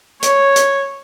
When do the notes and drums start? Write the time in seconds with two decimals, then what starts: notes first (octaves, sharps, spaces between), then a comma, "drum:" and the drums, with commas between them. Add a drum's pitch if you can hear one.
0.23 C#5, drum: hi-hat
0.56 drum: hi-hat